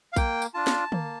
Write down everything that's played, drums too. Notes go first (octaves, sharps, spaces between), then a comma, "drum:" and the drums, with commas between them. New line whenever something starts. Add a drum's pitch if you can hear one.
F5
A#3 G5, drum: kick A#1, tambourine
drum: tambourine
D4 F4 A5
drum: snare
A#3, drum: tom